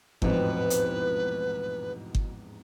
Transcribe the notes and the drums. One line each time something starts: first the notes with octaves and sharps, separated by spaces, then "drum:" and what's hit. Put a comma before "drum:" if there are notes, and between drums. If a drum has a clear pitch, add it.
A1 E2 G#2 B2 F3 C4 B4, drum: kick G1
drum: hi-hat
drum: kick G1